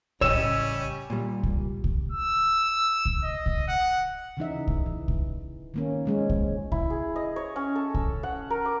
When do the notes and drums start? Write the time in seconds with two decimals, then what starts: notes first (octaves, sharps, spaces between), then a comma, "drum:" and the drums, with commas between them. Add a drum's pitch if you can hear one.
0.21 A1 C#3 G3 C#4 C#5 D#5 E6 E7, drum: kick C2
1.10 A#2 G3
1.43 drum: kick C2
1.84 drum: kick C2
2.12 E6
3.05 drum: kick C2
3.25 D#5
3.46 drum: kick C2
3.68 F#5
4.37 C#3 E3 D#4 E5
4.67 drum: kick C2
4.86 E3
5.08 drum: kick C2
5.74 D#3 A#3 C#4
6.05 F3 G#3 C#4
6.29 drum: kick C2
6.72 E4, drum: kick C2
6.90 G#4
7.16 D#5
7.36 C#5
7.56 C#4
7.76 A4
7.94 E6, drum: kick C2
8.23 F#5
8.50 A#4
8.66 D6